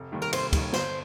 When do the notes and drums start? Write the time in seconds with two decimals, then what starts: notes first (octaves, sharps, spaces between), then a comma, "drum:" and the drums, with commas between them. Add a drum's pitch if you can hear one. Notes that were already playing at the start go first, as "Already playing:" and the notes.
Already playing: F1
0.12 D#2 D#3 G3
0.22 A#4
0.33 F1 C5, drum: cymbal
0.53 D#2 D#3 G3, drum: kick, cymbal
0.73 G1 C5, drum: snare